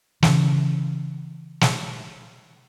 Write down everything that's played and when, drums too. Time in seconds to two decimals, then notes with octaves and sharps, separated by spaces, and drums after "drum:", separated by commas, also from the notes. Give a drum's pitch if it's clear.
0.23 C#3 E3, drum: snare
1.61 drum: snare